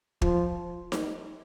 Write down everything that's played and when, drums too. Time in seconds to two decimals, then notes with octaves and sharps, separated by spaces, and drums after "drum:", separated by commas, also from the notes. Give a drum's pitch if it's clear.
0.22 F3, drum: kick
0.92 drum: snare D#4